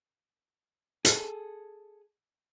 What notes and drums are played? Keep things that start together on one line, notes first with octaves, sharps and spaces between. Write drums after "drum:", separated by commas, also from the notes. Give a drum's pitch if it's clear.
G#4 A4, drum: hi-hat